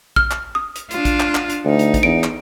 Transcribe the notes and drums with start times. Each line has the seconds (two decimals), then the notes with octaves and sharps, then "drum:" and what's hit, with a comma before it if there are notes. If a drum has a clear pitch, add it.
0.16 F6, drum: kick
0.31 drum: clap
0.55 D#6
0.76 drum: hi-hat
0.91 D4 F4, drum: hi-hat
1.05 drum: kick, hi-hat
1.20 drum: clap
1.35 drum: clap
1.50 drum: hi-hat
1.65 D2 D#4
1.79 drum: hi-hat
1.94 drum: kick, hi-hat
2.03 E2 D7
2.24 drum: clap